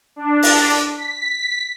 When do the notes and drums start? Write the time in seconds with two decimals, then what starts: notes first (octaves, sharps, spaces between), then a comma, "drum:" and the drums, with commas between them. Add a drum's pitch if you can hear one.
0.16 D4
0.43 drum: open hi-hat
0.94 B6